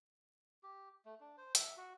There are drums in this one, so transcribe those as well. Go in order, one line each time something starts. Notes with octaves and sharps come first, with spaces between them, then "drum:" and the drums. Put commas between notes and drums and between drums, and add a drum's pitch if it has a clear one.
G4
A3
D4
C5
E5, drum: hi-hat
F#4